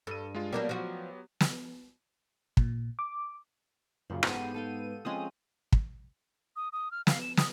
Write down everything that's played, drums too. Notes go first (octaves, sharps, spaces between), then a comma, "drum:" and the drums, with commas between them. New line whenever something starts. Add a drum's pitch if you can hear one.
G2 A4 D#7
G#3 F4
F#3 G3 A#3 B3 D4 G4
F3 F#4
drum: snare
A#2, drum: kick
D6
F#2 A#2 C#3 F3
G#2 B3 G4 A4 C5 D#7, drum: rim click
A4 F5 G5
F3 G#3 C4 C#4 D#6
drum: kick
D#6
D#6
F6
F5, drum: snare
E7
D#6, drum: snare